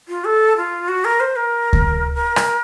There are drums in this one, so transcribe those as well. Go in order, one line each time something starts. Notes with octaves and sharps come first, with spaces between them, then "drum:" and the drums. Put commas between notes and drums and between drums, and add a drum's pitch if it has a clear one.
F4
A4
F4
F#4
A#4
C5
A#4
drum: kick D2
A#4
drum: rim click